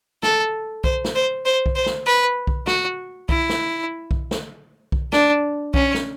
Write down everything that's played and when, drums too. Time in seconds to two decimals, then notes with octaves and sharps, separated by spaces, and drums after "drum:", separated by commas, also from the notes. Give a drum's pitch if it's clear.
0.23 A4, drum: snare
0.84 C5, drum: kick B1
1.05 drum: snare
1.15 C5
1.46 C5
1.66 drum: kick B1
1.75 C5
1.86 drum: snare
2.06 B4
2.47 drum: kick B1
2.67 F#4, drum: snare
3.29 E4, drum: kick B1
3.49 drum: snare
4.11 drum: kick B1
4.31 drum: snare
4.92 drum: kick B1
5.12 D4, drum: snare
5.74 C#4, drum: kick B1
5.94 drum: snare